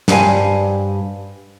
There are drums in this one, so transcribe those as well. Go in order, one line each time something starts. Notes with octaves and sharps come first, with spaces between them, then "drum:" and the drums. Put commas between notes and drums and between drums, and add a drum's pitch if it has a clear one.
G2 G4 C5 F5 G#5, drum: snare